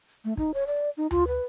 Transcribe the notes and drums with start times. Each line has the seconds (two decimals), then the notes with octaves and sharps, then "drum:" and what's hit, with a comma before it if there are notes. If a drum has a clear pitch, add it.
0.25 A3
0.37 D#4, drum: kick
0.54 C#5
0.67 D5
0.97 D#4
1.11 F4, drum: tom D2
1.28 B4